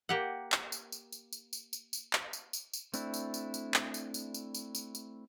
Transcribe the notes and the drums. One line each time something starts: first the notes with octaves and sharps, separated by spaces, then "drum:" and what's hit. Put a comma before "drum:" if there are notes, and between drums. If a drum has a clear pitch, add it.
A#3 G4 F#5
drum: clap
drum: tambourine
drum: tambourine
drum: tambourine
drum: tambourine
drum: tambourine
drum: tambourine
drum: tambourine
drum: clap
drum: tambourine
drum: tambourine
drum: tambourine
A3 C4 D4 E4, drum: tambourine
drum: tambourine
drum: tambourine
drum: tambourine
drum: clap
drum: tambourine
drum: tambourine
drum: tambourine
drum: tambourine
drum: tambourine
drum: tambourine